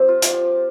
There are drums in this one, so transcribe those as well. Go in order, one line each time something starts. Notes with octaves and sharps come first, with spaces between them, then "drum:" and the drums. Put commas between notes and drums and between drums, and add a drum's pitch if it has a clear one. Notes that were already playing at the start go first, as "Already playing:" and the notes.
Already playing: F3 C4 G4 C5
F4
F4, drum: hi-hat
G4